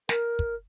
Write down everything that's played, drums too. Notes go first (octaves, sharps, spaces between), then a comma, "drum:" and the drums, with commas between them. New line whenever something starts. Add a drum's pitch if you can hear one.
A#4, drum: snare
drum: kick